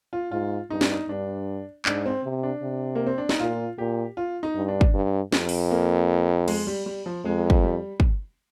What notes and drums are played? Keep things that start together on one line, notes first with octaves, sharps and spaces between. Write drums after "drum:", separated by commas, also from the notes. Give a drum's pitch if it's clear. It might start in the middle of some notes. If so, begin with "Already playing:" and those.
F4
G#2 F4
G2 D#4
D4, drum: snare
D#4
G2 D4
G#2 D4, drum: clap
C4
C3
D4
C3
A#3
C4
D4
D#4, drum: snare
A#2 F4
A#2 G4
F4
D#4
G2
D4
drum: kick
G2
F2, drum: snare
drum: open hi-hat
A#3
G#3, drum: cymbal
G3
G3
F3
F2 G#3
drum: kick
G3
drum: kick